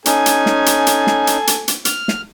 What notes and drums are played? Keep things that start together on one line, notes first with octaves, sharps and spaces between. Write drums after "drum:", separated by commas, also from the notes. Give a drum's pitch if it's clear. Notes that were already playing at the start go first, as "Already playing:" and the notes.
C#4 D#4 A4 G#5, drum: hi-hat
drum: hi-hat
drum: snare
drum: hi-hat
drum: hi-hat
drum: snare
drum: hi-hat
drum: hi-hat
drum: hi-hat
F6, drum: hi-hat
drum: snare